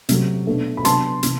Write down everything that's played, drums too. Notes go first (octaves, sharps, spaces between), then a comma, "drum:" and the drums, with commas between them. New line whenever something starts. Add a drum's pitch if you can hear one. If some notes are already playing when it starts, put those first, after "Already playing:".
C3 F#3 A3, drum: hi-hat
B2 A3 D4
B5
C3 F#3 B3 D4 A5 C6, drum: hi-hat
C3 E3, drum: hi-hat